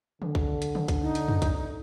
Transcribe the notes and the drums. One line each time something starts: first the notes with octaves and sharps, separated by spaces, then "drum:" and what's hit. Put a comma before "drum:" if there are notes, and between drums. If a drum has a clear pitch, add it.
D3, drum: tom D3
drum: kick
drum: hi-hat
drum: tom D3
drum: kick, hi-hat
D#4
drum: hi-hat
drum: tom F2
drum: kick, hi-hat